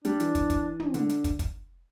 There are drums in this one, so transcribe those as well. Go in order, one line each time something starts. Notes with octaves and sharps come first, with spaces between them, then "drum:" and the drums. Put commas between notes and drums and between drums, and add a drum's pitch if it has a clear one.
G3 D4, drum: hi-hat
E3, drum: hi-hat
drum: kick, hi-hat
drum: kick, hi-hat
drum: tom
D3, drum: hi-hat
drum: hi-hat
drum: kick, hi-hat
drum: kick, hi-hat